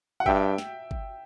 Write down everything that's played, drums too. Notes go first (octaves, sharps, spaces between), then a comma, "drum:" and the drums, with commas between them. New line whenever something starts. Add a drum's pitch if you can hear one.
F#5
G2 E5 G5, drum: kick G1
drum: snare
drum: kick G1